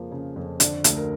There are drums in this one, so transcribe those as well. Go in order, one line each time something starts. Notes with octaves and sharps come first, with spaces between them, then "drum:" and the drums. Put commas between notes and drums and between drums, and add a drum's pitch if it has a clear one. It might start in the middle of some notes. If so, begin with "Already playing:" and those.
Already playing: F2 C#3 F3 A#3
C#3
F2
D3 D5, drum: hi-hat
D2, drum: hi-hat
A#4